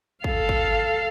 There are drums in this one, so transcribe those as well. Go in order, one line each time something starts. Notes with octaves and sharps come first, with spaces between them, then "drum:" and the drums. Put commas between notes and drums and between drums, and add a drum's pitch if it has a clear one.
A4 F5, drum: kick
drum: kick